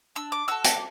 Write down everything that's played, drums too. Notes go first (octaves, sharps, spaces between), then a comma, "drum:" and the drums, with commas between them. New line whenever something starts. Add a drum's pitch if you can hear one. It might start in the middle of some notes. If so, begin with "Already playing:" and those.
D4 E6
D6
F#4 A4 E6
D6, drum: hi-hat